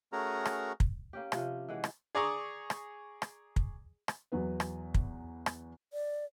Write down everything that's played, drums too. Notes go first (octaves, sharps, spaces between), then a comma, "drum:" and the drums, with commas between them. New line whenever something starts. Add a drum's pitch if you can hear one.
A3 C#4 F#4 G#4 A#4 A#5
drum: rim click
drum: kick
A#3 C#4 G4
C3 F3 C#4, drum: rim click
E3 G#3 F#5
drum: rim click
G#4 D5 A#5 C#6 D#6
drum: rim click
drum: rim click
drum: kick
drum: rim click
E2 F#3 B3 B4
drum: rim click
drum: kick
drum: rim click
D5